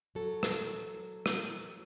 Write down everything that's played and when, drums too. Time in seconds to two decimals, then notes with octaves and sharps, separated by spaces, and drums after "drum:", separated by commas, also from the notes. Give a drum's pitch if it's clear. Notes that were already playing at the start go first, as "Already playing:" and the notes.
0.15 F#3 A4
0.43 drum: rim click
1.26 drum: rim click